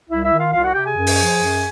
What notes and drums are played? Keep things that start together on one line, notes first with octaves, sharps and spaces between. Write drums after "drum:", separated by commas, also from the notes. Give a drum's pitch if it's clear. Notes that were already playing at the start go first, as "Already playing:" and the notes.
C2 E4 E5
E4 E5
D#3
F4 F5
C2 F4 F5
F#4 F#5
C3 G4 G5
G#4 G#5
F#2
drum: open hi-hat
F3
F#2